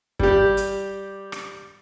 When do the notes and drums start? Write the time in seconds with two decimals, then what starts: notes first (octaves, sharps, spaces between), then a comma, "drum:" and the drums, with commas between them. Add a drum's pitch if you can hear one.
0.19 G3 G4, drum: kick
0.57 drum: hi-hat
1.32 drum: rim click